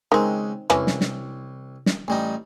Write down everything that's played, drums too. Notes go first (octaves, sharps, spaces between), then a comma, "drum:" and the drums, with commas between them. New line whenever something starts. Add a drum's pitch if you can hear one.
C#2 D#3 G#3 C4
C2 E3 C#4, drum: rim click
drum: snare
drum: snare
drum: snare
A1 G3 D#4